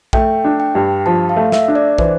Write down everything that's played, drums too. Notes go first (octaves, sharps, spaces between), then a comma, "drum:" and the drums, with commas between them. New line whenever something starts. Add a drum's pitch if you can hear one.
A3 G5, drum: kick
D4
G5
G2
F3 A5
F5
A3
E5, drum: snare
D4
D5
E3 C5, drum: kick